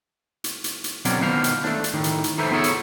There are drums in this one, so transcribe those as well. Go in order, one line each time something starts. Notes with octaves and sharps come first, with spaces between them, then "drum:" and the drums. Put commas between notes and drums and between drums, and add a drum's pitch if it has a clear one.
drum: hi-hat
drum: hi-hat
drum: hi-hat
B2 D3 F#3 C4 C#4 D5, drum: hi-hat
B2 D#3 B3 F4 C5 F5
drum: hi-hat
A3 D4, drum: snare
drum: hi-hat
A2 D#3
drum: hi-hat
drum: hi-hat
D#4 A4 B4 C5 E5
B3 F4 G#4 A4 C#5 E5
drum: hi-hat